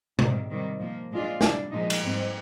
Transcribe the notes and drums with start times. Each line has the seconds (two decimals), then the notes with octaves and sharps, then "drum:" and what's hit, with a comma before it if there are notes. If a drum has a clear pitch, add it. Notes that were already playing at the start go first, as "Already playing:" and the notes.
0.19 G#2 D#3 G3 C4, drum: tom B2
0.50 C3 D#3 G3
0.80 A#2 F3 A#3
1.11 A#2 G#3 D4 F4
1.41 C3 G3 D4, drum: snare
1.72 A#2 F3 G#3 D#4
1.90 drum: cymbal
2.03 G#2 G3 C4